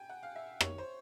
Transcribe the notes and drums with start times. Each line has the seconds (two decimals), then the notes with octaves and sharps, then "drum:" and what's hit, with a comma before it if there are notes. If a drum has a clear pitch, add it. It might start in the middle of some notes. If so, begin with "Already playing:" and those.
Already playing: G5 G#5
0.09 F#5
0.23 F5
0.36 E5
0.61 C#5, drum: rim click
0.78 C5